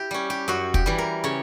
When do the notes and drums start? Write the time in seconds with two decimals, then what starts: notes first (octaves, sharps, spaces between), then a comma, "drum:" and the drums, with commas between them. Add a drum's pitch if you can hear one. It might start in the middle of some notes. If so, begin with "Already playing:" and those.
Already playing: E4 G4
0.11 G3 C#4
0.30 G4
0.48 F#2 F#4
0.74 G4, drum: kick
0.86 E3 G3
0.98 A#4
1.24 C#3 C#5